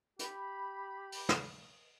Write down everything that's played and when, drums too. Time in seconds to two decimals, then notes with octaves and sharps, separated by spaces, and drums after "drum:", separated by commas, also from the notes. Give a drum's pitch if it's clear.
0.19 G4 B5, drum: hi-hat
1.12 drum: open hi-hat
1.29 drum: snare